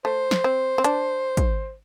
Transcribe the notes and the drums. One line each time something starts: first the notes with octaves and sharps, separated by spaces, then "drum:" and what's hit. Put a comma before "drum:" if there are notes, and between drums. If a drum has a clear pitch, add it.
A3 C5
drum: snare
C4
C4
D4, drum: hi-hat
drum: kick, hi-hat